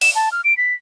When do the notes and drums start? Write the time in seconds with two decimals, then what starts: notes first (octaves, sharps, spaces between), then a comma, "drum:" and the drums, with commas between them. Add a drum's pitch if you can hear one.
0.01 E7, drum: open hi-hat
0.15 A5
0.32 F6
0.44 D7
0.57 B6